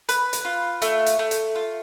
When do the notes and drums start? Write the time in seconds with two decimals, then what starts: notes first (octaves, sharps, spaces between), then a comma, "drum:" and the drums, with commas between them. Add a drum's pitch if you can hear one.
0.09 B4, drum: hi-hat
0.33 drum: hi-hat
0.45 F4
0.82 A3, drum: hi-hat
1.06 drum: hi-hat
1.19 A3
1.31 drum: hi-hat
1.55 F4